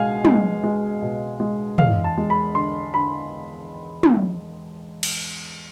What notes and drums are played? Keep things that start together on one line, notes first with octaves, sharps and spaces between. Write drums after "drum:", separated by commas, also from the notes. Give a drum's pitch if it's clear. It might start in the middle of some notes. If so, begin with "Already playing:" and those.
Already playing: B2 G#3 F5 G#5
G#3, drum: tom
G#3
B2
G#3
E2 F5, drum: tom
A5
G#3
B5
D3 C6
D3 B5
drum: tom
drum: cymbal